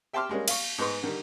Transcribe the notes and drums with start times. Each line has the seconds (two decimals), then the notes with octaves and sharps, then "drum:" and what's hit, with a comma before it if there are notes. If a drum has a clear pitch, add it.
0.13 E5 G5 A5 C6 D6 F6
0.29 G3 G#3 A#3 C#4
0.48 F5 C#6, drum: cymbal
0.78 G#2 G#3 B3 C6 C#6
1.03 D3 D#3 G3